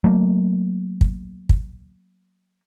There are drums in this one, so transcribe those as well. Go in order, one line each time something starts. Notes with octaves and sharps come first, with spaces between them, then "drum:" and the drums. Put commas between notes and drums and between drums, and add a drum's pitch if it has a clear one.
F#3 A3 A#3
drum: kick
drum: kick